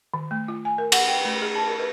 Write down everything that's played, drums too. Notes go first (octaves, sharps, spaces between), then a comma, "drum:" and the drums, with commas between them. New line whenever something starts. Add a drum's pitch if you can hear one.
D#3
A3
F4
G#5
A#4
F#5, drum: cymbal
G5
A3
G#4
A5
A#4
B4